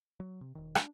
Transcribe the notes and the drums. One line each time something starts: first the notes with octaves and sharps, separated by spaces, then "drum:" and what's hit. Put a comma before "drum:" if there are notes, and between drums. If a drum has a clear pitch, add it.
F#3
C3
E1 D#3
D4, drum: rim click